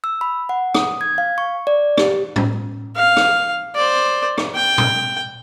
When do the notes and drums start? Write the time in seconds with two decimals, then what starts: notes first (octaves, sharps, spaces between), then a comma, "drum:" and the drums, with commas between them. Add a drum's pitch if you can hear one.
0.04 E6
0.21 B5
0.49 F#5
0.75 D#6, drum: rim click
1.01 G#6
1.18 F5
1.38 C#6
1.67 D5
1.98 G4, drum: rim click
2.36 drum: tom A2
2.96 F5
3.17 drum: rim click
3.75 C5 D5
4.38 drum: rim click
4.55 G5
4.78 drum: tom A#2